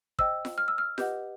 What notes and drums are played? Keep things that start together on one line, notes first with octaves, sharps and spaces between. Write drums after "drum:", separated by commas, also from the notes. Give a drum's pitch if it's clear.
C5 D#5 G5 E6, drum: kick
drum: snare F4
F6
E6
F6
G4 B4 D#5 F#5 G6, drum: snare F4